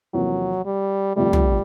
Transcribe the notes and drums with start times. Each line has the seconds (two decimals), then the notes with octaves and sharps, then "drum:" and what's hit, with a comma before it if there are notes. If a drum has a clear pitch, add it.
0.14 E2 C3 F3 F#3 A#3
0.66 G3
1.16 G1 F2 C3 F3 G3 A3
1.33 drum: tom